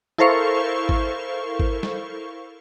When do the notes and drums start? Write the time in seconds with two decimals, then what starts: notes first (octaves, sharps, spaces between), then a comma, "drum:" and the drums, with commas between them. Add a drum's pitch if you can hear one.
0.18 E4 A4 A#4 C5 F5 C#6
0.89 drum: kick G#1
1.60 drum: kick G#1
1.83 drum: snare